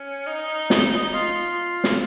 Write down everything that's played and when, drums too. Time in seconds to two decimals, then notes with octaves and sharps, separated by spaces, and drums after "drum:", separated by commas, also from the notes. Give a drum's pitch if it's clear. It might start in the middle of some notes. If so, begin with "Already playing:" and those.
Already playing: C#4
0.27 D#4
0.70 drum: snare
1.13 F4
1.84 drum: snare